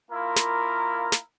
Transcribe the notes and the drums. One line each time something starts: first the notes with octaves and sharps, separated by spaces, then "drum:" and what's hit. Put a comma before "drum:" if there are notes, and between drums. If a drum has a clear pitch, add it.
A#3 E4 F4 A#4
drum: snare
drum: snare